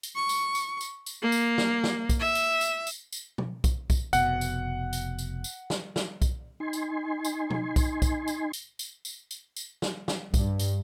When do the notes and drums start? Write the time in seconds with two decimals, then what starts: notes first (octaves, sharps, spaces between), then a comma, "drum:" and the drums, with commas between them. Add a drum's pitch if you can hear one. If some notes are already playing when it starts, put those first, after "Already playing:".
0.03 drum: tambourine
0.16 C#6
0.29 drum: tambourine
0.55 drum: tambourine
0.81 drum: tambourine
1.06 drum: tambourine
1.22 A#3
1.32 drum: tambourine
1.58 drum: snare
1.84 drum: snare
2.09 drum: kick B1, tambourine
2.20 E5
2.35 drum: tambourine
2.61 drum: tambourine
2.87 drum: tambourine
3.12 drum: tambourine
3.38 drum: tom
3.64 drum: kick B1, tambourine
3.90 drum: kick B1, tambourine
4.13 F1 B2 F#5, drum: tambourine
4.41 drum: tambourine
4.93 drum: tambourine
5.19 drum: tambourine
5.44 drum: tambourine
5.70 drum: snare
5.96 drum: snare
6.22 drum: kick B1, tambourine
6.60 D#4 G#5 C6
6.73 drum: tambourine
7.25 drum: tambourine
7.50 drum: tom
7.76 drum: kick B1, tambourine
8.02 drum: kick B1, tambourine
8.28 drum: tambourine
8.53 drum: tambourine
8.79 drum: tambourine
9.05 drum: tambourine
9.31 drum: tambourine
9.56 drum: tambourine
9.82 drum: snare
10.08 drum: snare
10.34 G2, drum: kick B1, tambourine
10.59 drum: tambourine